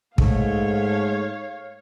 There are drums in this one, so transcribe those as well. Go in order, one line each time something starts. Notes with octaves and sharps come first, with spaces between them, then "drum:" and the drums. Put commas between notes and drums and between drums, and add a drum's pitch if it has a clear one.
G#2 G#3 A3 C#5 F5, drum: kick